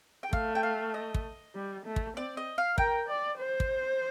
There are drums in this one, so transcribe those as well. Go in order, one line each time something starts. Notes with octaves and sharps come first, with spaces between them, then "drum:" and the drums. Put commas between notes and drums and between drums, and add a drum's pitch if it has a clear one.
G5
A3 F5, drum: kick
G5
F5
D#5
drum: kick
G3
A3
drum: kick
C4 D5
D#5
F5
A#4 G5, drum: kick
D5
C5
drum: kick